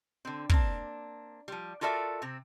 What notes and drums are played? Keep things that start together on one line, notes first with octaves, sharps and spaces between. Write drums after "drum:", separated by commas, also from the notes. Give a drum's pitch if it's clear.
D3 C4
A#3 C4 D4, drum: kick
F3 G3
F4 F#4 A4 A#4 D5 E5
C3 C4